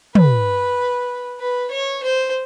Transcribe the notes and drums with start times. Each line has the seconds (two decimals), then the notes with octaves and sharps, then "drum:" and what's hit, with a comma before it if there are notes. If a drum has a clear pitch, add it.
0.15 B4, drum: tom
1.40 B4
1.71 C#5
2.03 C5